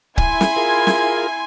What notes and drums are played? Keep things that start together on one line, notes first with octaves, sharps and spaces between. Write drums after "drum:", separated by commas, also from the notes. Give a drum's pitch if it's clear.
E4 G#5 C6 G#6, drum: kick C#1
drum: snare
F4 G#4 A#4
drum: snare